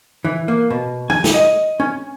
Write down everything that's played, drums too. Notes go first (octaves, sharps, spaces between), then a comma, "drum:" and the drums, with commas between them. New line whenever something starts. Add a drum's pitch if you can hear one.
E3
A#3
B2
G#5, drum: tom
drum: snare
D#5
C#4